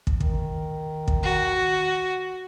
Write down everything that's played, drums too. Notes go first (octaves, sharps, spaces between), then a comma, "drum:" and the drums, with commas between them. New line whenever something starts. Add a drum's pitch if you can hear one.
drum: kick
D#3, drum: kick
drum: kick
F#4